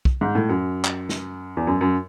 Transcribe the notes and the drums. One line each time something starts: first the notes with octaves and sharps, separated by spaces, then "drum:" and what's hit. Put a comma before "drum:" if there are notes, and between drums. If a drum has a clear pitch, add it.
drum: kick
G#2
A2
F#2
drum: clap
drum: snare
E2
F#2
F#2